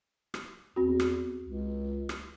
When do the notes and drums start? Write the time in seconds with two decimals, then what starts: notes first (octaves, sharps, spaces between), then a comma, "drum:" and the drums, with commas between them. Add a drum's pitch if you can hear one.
0.34 drum: rim click
0.76 E2 C4 F#4
1.00 drum: rim click
1.43 C#2
2.09 drum: rim click